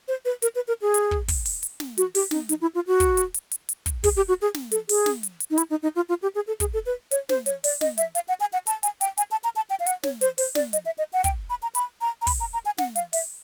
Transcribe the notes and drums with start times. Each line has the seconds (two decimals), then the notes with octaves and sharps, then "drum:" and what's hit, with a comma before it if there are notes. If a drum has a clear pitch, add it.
0.08 C5
0.25 B4
0.42 A#4, drum: hi-hat
0.55 B4
0.68 A#4
0.82 G#4
0.94 drum: hi-hat
1.11 drum: kick
1.28 drum: kick, open hi-hat
1.46 drum: open hi-hat
1.63 drum: hi-hat
1.80 drum: snare
1.98 F#4, drum: hi-hat
2.15 G4, drum: open hi-hat
2.31 D#4, drum: snare
2.49 D#4, drum: hi-hat
2.61 E4
2.75 F4
2.87 F#4
3.00 drum: kick, hi-hat
3.17 drum: hi-hat
3.34 drum: hi-hat
3.51 drum: hi-hat
3.69 drum: hi-hat
3.86 drum: kick, hi-hat
4.04 G#4, drum: kick, open hi-hat
4.16 G4
4.28 F#4
4.42 G#4
4.54 drum: snare
4.72 A4, drum: hi-hat
4.89 G#4, drum: open hi-hat
5.06 drum: snare
5.23 drum: hi-hat
5.40 drum: hi-hat
5.51 D#4
5.58 E4, drum: hi-hat
5.70 D#4
5.83 D#4
5.96 F4
6.09 F4
6.22 G4
6.35 G#4
6.47 A4
6.60 G#4, drum: kick, hi-hat
6.74 A4
6.86 B4
7.11 C#5, drum: hi-hat
7.29 C5, drum: snare
7.46 C#5, drum: hi-hat
7.64 D5, drum: open hi-hat
7.81 D#5, drum: snare
7.98 E5, drum: hi-hat
8.15 F5, drum: hi-hat
8.28 F#5
8.40 G#5
8.53 F#5
8.67 A5, drum: hi-hat
8.83 G#5, drum: hi-hat
9.01 G5, drum: hi-hat
9.18 G#5, drum: hi-hat
9.31 A5
9.44 A#5
9.56 A5
9.70 G5
9.80 F5
9.86 F#5, drum: hi-hat
10.03 C#5, drum: snare
10.21 C5, drum: hi-hat
10.38 C5, drum: open hi-hat
10.55 D5, drum: snare
10.73 D#5, drum: hi-hat
10.86 E5
10.98 D#5
11.13 F#5
11.24 G5, drum: kick, hi-hat
11.50 B5
11.63 A#5
11.75 B5, drum: hi-hat
12.01 A#5
12.22 A#5
12.27 B5, drum: kick, open hi-hat
12.40 A#5
12.53 A#5
12.66 G#5
12.78 F#5, drum: snare
12.96 F5, drum: hi-hat
13.13 E5, drum: open hi-hat